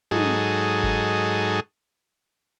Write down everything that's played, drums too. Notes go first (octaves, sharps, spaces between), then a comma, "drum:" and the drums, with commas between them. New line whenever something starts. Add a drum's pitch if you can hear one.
G#2 F#3 D#4 G#4 A4, drum: tom
drum: kick F#1